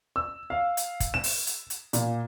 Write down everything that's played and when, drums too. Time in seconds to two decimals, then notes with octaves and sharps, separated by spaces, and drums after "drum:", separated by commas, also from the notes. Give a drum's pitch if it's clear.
0.16 E6
0.50 F5
0.77 drum: hi-hat
1.00 drum: kick, hi-hat
1.14 E7
1.24 drum: open hi-hat
1.47 drum: hi-hat
1.70 drum: hi-hat
1.93 A#2, drum: hi-hat